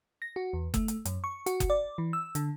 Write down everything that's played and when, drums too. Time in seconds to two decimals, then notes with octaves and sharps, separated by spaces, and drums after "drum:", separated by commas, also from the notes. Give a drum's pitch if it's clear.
0.22 A#6
0.36 F#4
0.53 E2
0.74 A3, drum: kick F#1, hi-hat
0.88 drum: hi-hat
1.05 F#2, drum: hi-hat
1.24 C#6
1.46 F#4, drum: hi-hat
1.60 drum: kick F#1, hi-hat
1.70 D5
1.98 E3
2.13 E6
2.35 D3, drum: hi-hat